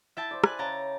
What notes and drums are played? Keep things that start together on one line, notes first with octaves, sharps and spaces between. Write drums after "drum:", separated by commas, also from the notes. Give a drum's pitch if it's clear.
E4 E5 G5 A5
C5 D5
B4 G#5 F#6, drum: rim click
C#3 G5 A5 A#5